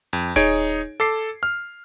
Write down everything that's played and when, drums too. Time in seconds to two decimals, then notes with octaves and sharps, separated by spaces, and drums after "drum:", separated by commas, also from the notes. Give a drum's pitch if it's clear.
0.13 F2, drum: open hi-hat
0.36 D#4 G#4 C#5 G#6 D7, drum: kick D#1
1.00 A4 D6 C7
1.43 F6